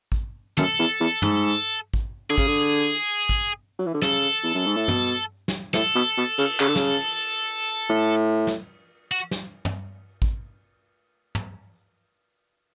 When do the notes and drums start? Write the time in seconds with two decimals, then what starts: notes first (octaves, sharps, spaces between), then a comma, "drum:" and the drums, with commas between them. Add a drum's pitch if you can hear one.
0.12 drum: kick
0.58 F#2 A4, drum: tom
0.79 E2
1.00 E2
1.22 G#2, drum: tom
1.94 drum: kick
2.30 D3 G#4
2.38 C#3, drum: kick
2.47 D3
2.95 drum: hi-hat
3.29 drum: kick
3.79 F#3
3.86 E3
3.94 D3
4.02 C#3 A4, drum: snare
4.43 E2
4.55 F#2
4.66 G#2
4.76 A2
4.88 B2, drum: tom
5.48 drum: snare
5.74 A2 A4, drum: snare
5.95 B2
6.17 B2
6.38 C#3, drum: cymbal
6.60 C#3, drum: clap
6.68 D3
6.76 C#3, drum: snare
7.89 A2
8.47 drum: snare
9.11 F#4
9.31 drum: snare
9.65 drum: tom
10.22 drum: kick
11.35 drum: tom